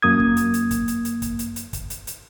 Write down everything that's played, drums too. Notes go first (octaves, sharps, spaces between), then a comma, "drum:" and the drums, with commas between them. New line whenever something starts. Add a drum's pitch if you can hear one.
F#2 A#3 D#6 G#6
drum: kick
drum: hi-hat
drum: hi-hat
drum: kick, hi-hat
drum: hi-hat
drum: hi-hat
drum: kick, hi-hat
drum: hi-hat
drum: hi-hat
drum: kick, hi-hat
drum: hi-hat
drum: hi-hat